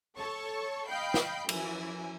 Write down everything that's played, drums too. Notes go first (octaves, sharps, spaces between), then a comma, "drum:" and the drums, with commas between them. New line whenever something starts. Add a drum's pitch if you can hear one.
A4 C#5 A5 C#6
D#5 F5 G5 B5 G6 C7
drum: snare
F#2 E3 F3 G#5, drum: cymbal